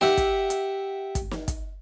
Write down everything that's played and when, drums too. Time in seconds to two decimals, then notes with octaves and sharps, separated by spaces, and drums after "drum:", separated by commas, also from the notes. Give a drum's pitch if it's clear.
0.01 G4 E5 F#5, drum: snare
0.17 drum: kick, hi-hat
0.50 drum: hi-hat
1.15 drum: kick, hi-hat
1.31 drum: snare
1.48 drum: kick, hi-hat